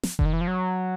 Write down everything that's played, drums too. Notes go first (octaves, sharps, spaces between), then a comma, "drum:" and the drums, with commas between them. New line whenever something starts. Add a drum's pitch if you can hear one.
drum: snare
D3, drum: kick F1
D#3
E3
F3
F#3